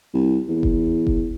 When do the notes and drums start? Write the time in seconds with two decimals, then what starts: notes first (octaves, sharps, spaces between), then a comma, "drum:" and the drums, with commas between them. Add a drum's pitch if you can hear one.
0.14 C2
0.49 E2
0.63 drum: kick F1
1.07 drum: kick F1